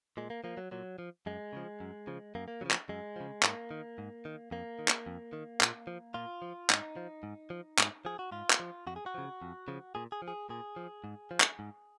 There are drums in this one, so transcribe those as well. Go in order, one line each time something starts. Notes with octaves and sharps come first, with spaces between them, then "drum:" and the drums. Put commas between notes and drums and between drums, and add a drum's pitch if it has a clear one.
A#2 G#3
A#3
F3 A#3
F#3
A#2 F#3
F3
F#2 G#3
C#3 F3
F#2
C#3 F3
F#2 A#3
A#3
C#3 F3 F#3
drum: clap
F#2 G#3
C#3 F3
G#2 A#3, drum: clap
D#3
G#2
D#3
F2 A#3
D#3
drum: clap
F2
D#3
A#2, drum: clap
F3
A#2 F4
F3
G#2 D#4, drum: clap
F3
G#2
F3
G#2, drum: clap
F3 G#4
F#4
G#2 F4
drum: clap
F3
F2 F#4
G#4
F#4
C#3 F3
F2
C#3 F3
A#2 G#4
G#4
F3
G#4
A#2 G#4
F3
G#2
F3
drum: clap
G#2